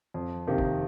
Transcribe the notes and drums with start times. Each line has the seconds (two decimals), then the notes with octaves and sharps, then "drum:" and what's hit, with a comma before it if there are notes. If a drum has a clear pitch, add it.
0.14 F2
0.47 C3 D#3 A#3 G4
0.58 drum: kick F#1